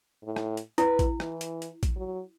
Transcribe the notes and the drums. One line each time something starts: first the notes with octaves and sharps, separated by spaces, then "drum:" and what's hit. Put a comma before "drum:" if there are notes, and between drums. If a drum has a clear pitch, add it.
A2
drum: rim click
drum: hi-hat
E4 B4, drum: hi-hat
drum: kick, hi-hat
E3, drum: rim click
drum: hi-hat
drum: hi-hat
drum: kick, hi-hat
F#3